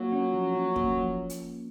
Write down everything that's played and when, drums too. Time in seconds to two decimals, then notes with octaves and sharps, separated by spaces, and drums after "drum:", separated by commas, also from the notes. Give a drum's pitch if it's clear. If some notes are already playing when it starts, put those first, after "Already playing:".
Already playing: F#3 A#3 F4
0.12 C#4
0.34 F3
0.55 C#4
0.76 A#3, drum: kick
0.97 F3
1.30 drum: hi-hat